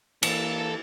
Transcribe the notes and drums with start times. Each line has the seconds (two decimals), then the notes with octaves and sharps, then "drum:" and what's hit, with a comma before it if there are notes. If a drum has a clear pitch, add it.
0.23 E3 A#3 A4 A5, drum: cymbal